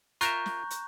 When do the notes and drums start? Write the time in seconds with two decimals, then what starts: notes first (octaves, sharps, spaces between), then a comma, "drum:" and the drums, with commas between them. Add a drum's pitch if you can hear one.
0.21 F4 A#4 E5 A#5 C#6 F#6 G6, drum: hi-hat
0.46 drum: snare
0.70 drum: hi-hat